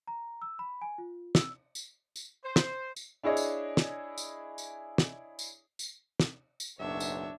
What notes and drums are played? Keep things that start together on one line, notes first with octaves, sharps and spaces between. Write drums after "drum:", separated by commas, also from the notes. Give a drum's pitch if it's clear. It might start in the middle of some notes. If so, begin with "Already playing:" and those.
A#5
E6
B5
G#5
F4
E6, drum: snare
drum: tambourine
drum: tambourine
C5
drum: snare
drum: tambourine
D4 E4 G#4 C#5 D#5
drum: tambourine
drum: snare
drum: tambourine
drum: tambourine
drum: snare
drum: tambourine
drum: tambourine
drum: snare
drum: tambourine
F#1 B1 D4 C#5 E5
drum: tambourine